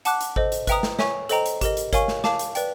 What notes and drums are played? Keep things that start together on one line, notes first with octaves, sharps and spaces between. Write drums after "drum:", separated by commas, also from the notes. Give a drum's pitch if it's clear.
F#5 A5 D6 F#6, drum: hi-hat
drum: hi-hat
A4 C5 D#5, drum: kick G#1
drum: hi-hat
B4 E5 G5 A#5 D#6, drum: kick G#1, hi-hat
drum: snare
C#5 E5 G#5 C#6, drum: snare
A4 C5 D#5 G5 A#5, drum: hi-hat
drum: hi-hat
G4 A#4 D#5, drum: kick G#1, hi-hat
drum: hi-hat
A#4 C#5 F5 G#5 C#6, drum: kick G#1, hi-hat
drum: snare
F5 A5 D6, drum: snare
drum: hi-hat
B4 D5 G5, drum: hi-hat